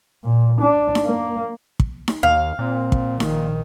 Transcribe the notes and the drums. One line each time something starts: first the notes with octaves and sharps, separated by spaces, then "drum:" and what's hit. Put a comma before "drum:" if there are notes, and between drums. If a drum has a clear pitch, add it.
A#2
D4
drum: snare D#4
A#3
drum: kick
drum: snare D#4
D#2 F5
A#2 C4
drum: kick
A#1 D#3, drum: snare D#4